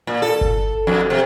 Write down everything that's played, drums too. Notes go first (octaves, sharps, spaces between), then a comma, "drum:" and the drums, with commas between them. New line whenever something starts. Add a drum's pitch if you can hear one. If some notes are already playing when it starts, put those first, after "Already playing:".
A#2
A4
drum: kick G1
F2
C3